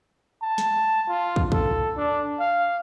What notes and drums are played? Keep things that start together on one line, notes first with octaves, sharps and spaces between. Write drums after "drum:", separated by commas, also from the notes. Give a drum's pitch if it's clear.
A5
drum: snare
F4
drum: kick
A4, drum: kick
D4
F5